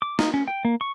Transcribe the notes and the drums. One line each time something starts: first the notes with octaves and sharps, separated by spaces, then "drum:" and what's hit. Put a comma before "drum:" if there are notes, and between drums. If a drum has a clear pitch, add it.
D6
D#4, drum: snare
C#4
G5
A#3
C#6